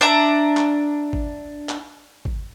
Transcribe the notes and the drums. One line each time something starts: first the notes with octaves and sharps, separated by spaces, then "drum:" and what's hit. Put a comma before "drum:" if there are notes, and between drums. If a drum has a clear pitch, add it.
D4 E5 A#5
drum: clap
drum: kick
drum: clap
drum: kick